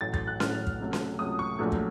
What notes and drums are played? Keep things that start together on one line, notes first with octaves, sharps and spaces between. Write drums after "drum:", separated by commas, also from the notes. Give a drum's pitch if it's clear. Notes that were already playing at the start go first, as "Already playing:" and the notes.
A1 A2 F#3 A6
A6, drum: kick
F#6
A1 A2 F#3 F6, drum: snare C#4
drum: kick
C#2 C3 F#3 A3
drum: snare C#4
C#2 C3 F#3 A3 D#6
C#6
A#1 A#2 F#3 A3
drum: kick